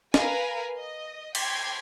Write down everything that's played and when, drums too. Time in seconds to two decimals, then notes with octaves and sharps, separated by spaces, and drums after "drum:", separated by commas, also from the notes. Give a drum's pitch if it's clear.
0.14 A#4 B4 F5 G#5, drum: snare
0.77 D#5
1.35 G5 G#6 C7, drum: cymbal